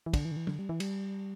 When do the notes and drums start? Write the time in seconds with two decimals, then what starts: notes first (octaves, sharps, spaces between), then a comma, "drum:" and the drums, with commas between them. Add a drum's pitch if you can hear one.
0.06 E3
0.13 D3, drum: kick, cymbal
0.25 E3
0.31 D3
0.37 E3
0.47 D3, drum: tom
0.59 G3
0.69 E3
0.80 G3, drum: cymbal